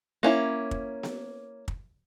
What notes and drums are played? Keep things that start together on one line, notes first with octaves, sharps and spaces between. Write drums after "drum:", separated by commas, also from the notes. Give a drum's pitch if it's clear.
A#3 C#4 E4
drum: kick
drum: snare B3
drum: kick